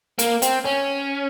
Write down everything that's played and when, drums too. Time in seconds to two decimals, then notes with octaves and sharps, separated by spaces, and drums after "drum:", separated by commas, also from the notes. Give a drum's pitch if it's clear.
0.19 A#3, drum: hi-hat
0.42 C4, drum: hi-hat
0.65 C#4